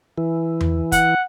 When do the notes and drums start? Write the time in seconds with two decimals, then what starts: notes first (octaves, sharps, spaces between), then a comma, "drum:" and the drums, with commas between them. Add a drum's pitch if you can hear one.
0.18 E3
0.61 drum: tom E2
0.92 F#5, drum: kick, hi-hat